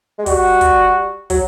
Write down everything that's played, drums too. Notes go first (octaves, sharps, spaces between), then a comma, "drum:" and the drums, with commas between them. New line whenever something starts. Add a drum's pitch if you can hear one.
G#3
G3 F#4, drum: kick, open hi-hat
drum: kick, hi-hat
F#3, drum: kick, open hi-hat